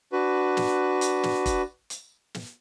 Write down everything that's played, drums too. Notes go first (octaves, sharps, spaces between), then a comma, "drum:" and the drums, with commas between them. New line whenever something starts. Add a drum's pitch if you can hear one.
D4 F#4 B4
drum: snare
drum: hi-hat
drum: snare
drum: kick, hi-hat
drum: hi-hat
drum: snare